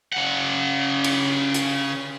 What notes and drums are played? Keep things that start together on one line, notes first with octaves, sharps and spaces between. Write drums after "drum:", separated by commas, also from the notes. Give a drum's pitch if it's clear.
C#3 F#5
drum: cymbal
drum: hi-hat